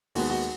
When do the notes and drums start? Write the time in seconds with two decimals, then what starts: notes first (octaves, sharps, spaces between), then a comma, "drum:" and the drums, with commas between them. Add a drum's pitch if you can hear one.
0.15 D#2 D#3 G#3 B3 F#4, drum: open hi-hat
0.30 F#4